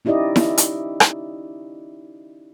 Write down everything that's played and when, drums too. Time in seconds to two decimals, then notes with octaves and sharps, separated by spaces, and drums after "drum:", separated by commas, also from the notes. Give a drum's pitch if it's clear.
0.05 C#4 D#4 E4 G4 D5 D#5
0.36 drum: snare E4
0.58 drum: hi-hat
1.00 drum: rim click